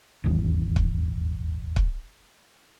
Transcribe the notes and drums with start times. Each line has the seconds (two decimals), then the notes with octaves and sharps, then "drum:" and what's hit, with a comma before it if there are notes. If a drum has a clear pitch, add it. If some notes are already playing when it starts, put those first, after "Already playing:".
0.24 D#1 G#1 E2
0.76 drum: kick
1.76 drum: kick